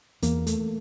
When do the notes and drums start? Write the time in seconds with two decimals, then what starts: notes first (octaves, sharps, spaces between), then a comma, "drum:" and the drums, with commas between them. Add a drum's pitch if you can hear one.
0.22 E2 A#3, drum: hi-hat
0.47 A3, drum: hi-hat